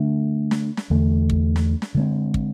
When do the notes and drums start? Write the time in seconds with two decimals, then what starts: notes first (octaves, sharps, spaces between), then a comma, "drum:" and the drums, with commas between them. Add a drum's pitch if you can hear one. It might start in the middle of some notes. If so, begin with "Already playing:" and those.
Already playing: D3 A3 D4
0.51 drum: snare
0.77 drum: snare
0.90 E2 D3 A3
1.30 drum: kick
1.56 drum: snare
1.82 drum: snare
1.95 D3 G#3 C4
2.34 drum: kick